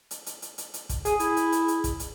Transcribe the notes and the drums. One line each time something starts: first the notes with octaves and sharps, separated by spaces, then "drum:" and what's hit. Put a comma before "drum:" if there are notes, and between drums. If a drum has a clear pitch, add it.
drum: hi-hat
drum: hi-hat
drum: hi-hat
drum: hi-hat
drum: hi-hat
drum: kick, hi-hat
G#4 D#6, drum: hi-hat
E4, drum: hi-hat
drum: hi-hat
drum: hi-hat
drum: hi-hat
drum: kick, hi-hat
drum: hi-hat